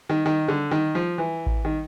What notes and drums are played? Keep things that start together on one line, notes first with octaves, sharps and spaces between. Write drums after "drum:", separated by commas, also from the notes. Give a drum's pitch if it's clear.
D#3
D#3
D3
D#3
F3
E3
drum: kick A1
D#3